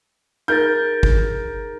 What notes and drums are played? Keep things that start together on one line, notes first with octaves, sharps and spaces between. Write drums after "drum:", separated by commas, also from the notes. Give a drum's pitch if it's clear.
D#4 G#4 A#4 G6 A6
drum: kick